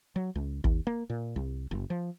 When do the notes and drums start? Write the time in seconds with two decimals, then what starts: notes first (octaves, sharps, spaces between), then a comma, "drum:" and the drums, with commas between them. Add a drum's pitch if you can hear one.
0.16 F#3
0.35 C#2
0.64 D#2, drum: kick
0.87 A#3
1.10 A#2
1.36 C2
1.71 F#1
1.90 F3